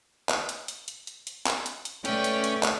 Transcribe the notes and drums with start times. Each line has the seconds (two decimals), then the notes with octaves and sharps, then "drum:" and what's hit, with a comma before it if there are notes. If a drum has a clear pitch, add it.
0.29 drum: clap
0.49 drum: hi-hat
0.68 drum: hi-hat
0.88 drum: hi-hat
1.07 drum: hi-hat
1.27 drum: hi-hat
1.46 drum: clap
1.66 drum: hi-hat
1.85 drum: hi-hat
2.05 A3 C#4 B4 C#5 D5 G5, drum: hi-hat
2.24 drum: hi-hat
2.44 drum: hi-hat
2.63 drum: clap